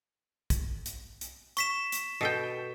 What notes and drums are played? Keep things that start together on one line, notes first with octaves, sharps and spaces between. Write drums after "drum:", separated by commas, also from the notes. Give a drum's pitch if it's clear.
drum: kick B1, hi-hat
drum: hi-hat
drum: hi-hat
C#6 B6 E7, drum: hi-hat
drum: hi-hat
B2 A4 G5